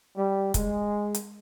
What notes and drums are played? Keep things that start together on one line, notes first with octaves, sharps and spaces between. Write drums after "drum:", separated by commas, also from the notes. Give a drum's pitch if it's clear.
G3
G#3, drum: kick, hi-hat
drum: hi-hat